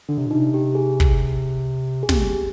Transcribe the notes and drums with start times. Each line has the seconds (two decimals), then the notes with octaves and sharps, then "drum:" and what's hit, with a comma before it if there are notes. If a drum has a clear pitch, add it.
0.09 D3 D4
0.18 C3
0.26 A#2
0.31 D#4
0.35 C3
0.54 G4
0.75 G#4
1.00 drum: kick
2.03 G#4
2.09 G4, drum: snare